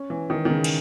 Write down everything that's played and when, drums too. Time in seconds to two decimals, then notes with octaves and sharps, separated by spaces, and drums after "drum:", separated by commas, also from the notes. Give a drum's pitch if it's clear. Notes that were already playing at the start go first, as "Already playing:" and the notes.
Already playing: C#4
0.10 E3
0.30 D#3
0.45 D#3
0.50 C#3
0.64 drum: cymbal